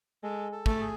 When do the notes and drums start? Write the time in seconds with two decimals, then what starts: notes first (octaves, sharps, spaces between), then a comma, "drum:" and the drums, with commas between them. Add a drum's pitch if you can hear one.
0.23 G#3 A4
0.52 A4
0.66 A3, drum: kick
0.80 G#4